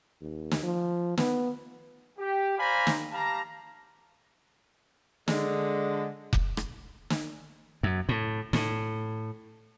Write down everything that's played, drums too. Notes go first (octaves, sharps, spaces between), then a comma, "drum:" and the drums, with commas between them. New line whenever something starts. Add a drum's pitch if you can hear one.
D#2
drum: snare
F3
B3, drum: snare
G4
C5 D5 F5 G#5 A#5 B5
drum: snare
G3 G4 F5 A5 A#5
D3 G#3, drum: snare
drum: kick F1
drum: rim click
drum: snare
F#2
A2
A2, drum: snare